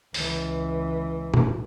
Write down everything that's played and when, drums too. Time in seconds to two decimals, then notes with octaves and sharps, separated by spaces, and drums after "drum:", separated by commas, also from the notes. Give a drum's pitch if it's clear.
0.14 C#2 E3, drum: open hi-hat
1.34 drum: tom